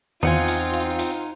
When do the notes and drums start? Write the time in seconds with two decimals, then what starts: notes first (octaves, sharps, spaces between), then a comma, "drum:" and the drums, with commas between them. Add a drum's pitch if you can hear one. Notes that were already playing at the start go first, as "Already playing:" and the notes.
0.23 E2 C4 D#4 F4 F#5 G#5, drum: tom D#3
0.48 drum: open hi-hat
0.74 drum: hi-hat
0.99 drum: open hi-hat